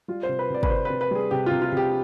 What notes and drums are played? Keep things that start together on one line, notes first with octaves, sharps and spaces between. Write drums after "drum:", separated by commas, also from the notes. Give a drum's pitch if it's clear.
G3 F4
C5
C3
B4
C3 D5
B4, drum: kick
C3 C5
C3 B4
B4
G3 G#4
C3 G4
C3 F4
F4
C3 G4